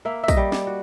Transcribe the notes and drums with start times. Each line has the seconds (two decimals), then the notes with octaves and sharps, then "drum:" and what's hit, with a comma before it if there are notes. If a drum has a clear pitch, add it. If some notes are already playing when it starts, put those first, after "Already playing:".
0.05 A#3 E5
0.24 E5
0.28 D#5, drum: kick, tambourine
0.37 G3
0.52 D5, drum: snare
0.67 F#4